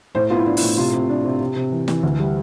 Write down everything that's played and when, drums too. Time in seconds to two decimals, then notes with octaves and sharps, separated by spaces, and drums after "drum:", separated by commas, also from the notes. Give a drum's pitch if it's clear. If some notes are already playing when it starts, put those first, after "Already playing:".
0.15 A2 C5
0.30 B3 F4
0.36 E4
0.46 D4
0.57 E4, drum: open hi-hat
0.63 A2
0.77 C3 F4
0.93 C3
1.09 D4
1.25 C3
1.41 C3
1.56 C3
1.72 E3
1.88 E3, drum: snare
2.03 D2
2.19 G3